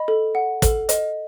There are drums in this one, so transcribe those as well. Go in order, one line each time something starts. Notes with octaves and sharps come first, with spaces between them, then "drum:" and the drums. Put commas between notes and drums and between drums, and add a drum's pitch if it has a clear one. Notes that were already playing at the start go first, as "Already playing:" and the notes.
Already playing: D#5 B5
A4
F#5
A4, drum: kick, hi-hat
D#5, drum: hi-hat